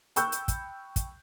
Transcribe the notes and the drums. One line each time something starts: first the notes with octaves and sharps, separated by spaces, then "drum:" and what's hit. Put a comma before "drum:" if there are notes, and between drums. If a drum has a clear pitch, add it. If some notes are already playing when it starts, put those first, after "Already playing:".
G5 B5 C#6 E6 F#6 G6, drum: hi-hat
drum: hi-hat
drum: kick, hi-hat
drum: kick, hi-hat